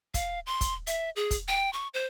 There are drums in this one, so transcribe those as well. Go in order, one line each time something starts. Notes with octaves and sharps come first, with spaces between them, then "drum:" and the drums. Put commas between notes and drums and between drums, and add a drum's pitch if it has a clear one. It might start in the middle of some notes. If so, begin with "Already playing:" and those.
F5, drum: kick, hi-hat
C6
drum: kick, hi-hat
E5, drum: hi-hat
G#4
drum: kick, hi-hat
G5
C#6
C5